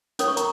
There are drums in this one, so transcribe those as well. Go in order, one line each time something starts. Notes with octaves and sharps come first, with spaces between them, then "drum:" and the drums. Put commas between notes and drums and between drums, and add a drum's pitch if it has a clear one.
C#4 A#4 C#5 D#6, drum: hi-hat
C#6
A#5, drum: hi-hat